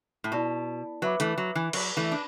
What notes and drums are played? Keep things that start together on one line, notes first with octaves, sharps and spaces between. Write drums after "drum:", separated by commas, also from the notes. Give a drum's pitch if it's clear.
A2
B2 E4 D5 A5
F#3 B4 E5 B5 D6
E3 A3, drum: hi-hat
F#3
E3
F#3 B4 D5 B5 D6, drum: cymbal
E3 A3
D4